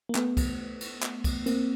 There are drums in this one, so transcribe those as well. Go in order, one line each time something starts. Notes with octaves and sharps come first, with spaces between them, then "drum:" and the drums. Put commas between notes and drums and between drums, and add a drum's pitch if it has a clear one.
A#3
A3 B3, drum: clap
drum: kick C2, cymbal
drum: cymbal
drum: clap
drum: kick C2, cymbal
A#3 C4, drum: cymbal